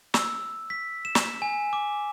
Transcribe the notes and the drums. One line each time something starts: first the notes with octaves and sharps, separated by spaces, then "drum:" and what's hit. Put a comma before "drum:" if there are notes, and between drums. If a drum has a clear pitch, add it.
E6, drum: snare
B6
E7
drum: snare
G#5
D6